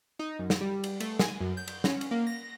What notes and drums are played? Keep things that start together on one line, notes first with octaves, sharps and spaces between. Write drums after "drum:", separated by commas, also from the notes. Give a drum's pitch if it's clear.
D#4
F#2
drum: snare
G3
drum: cymbal
A3, drum: cymbal
G#5, drum: snare
F#2
G6
drum: cymbal
C#4, drum: snare
drum: cymbal
A#3
A#6